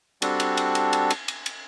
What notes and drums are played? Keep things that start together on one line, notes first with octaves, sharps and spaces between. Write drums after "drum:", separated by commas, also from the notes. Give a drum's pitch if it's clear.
G3 C4 D4 F#4 A4, drum: cymbal
drum: cymbal
drum: cymbal
drum: cymbal
drum: cymbal
drum: cymbal
drum: cymbal
drum: cymbal